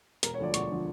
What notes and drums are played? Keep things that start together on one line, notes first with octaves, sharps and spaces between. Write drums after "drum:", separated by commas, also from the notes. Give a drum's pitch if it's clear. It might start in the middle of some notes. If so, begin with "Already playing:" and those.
E1 A#4, drum: hi-hat
C#5
D2 D3 F3 D5
E1 C#6, drum: hi-hat
D3 F3